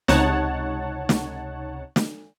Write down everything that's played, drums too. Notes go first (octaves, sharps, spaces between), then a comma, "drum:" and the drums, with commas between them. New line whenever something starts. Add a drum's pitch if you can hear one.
C#2 C3 D#4 C#5 F#5 A5, drum: snare
drum: snare
drum: snare